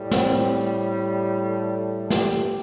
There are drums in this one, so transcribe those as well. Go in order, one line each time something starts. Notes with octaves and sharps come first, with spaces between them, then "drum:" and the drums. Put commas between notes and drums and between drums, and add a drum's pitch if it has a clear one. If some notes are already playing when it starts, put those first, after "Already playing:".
Already playing: A2 G3
C4, drum: snare
A4
G4, drum: snare